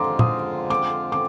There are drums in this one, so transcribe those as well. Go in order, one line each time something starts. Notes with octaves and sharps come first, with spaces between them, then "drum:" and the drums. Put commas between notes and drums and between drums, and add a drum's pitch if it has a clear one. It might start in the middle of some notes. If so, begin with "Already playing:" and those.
Already playing: F2 D3 G#3 C4 F4 A#5 C6 D6
D#6, drum: tom A#2
D6
D6